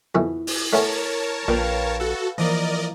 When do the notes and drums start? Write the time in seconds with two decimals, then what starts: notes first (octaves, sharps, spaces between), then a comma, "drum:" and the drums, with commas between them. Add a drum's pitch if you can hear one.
0.15 F2 B2 E3 E4
0.47 drum: open hi-hat
0.73 A3 B3 C#4 A#4 C#5 A5
1.48 A#1 A#2 B4 F5 G5
2.00 F#4 A4
2.38 E3 F3 A#3 A#4 D5 D#5